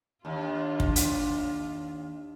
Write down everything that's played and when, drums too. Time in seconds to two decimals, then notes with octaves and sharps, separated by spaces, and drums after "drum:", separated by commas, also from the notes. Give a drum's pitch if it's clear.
0.25 D#2 D4 F4
0.80 drum: kick
0.96 drum: hi-hat